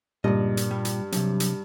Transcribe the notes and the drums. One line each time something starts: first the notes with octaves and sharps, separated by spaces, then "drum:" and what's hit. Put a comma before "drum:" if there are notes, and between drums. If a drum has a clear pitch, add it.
C#2 G2 A#2 D#5
drum: hi-hat
G3
drum: hi-hat
C3 F#3 D4, drum: hi-hat
drum: hi-hat